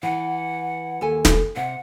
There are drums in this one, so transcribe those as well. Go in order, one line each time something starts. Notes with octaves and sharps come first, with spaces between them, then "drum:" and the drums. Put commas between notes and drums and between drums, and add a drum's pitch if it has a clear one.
E3 F#5
D#2 A4 G#5
drum: snare
C3 F#5